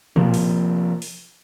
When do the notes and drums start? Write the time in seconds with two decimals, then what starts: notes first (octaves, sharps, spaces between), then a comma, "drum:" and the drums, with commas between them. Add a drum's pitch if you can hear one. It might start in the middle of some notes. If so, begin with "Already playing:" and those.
0.16 C3 F3 A#3, drum: tom
0.34 drum: open hi-hat
1.02 drum: open hi-hat